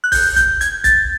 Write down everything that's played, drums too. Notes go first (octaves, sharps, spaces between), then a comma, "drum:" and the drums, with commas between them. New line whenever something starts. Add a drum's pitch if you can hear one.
F#6
G6, drum: kick, open hi-hat
G6, drum: kick, hi-hat
G#6, drum: hi-hat
A6, drum: kick, hi-hat